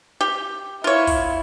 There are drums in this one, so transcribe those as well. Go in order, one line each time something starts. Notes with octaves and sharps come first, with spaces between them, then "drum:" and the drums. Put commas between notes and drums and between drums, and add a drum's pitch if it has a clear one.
G4
E4 F4 C#5
drum: kick, open hi-hat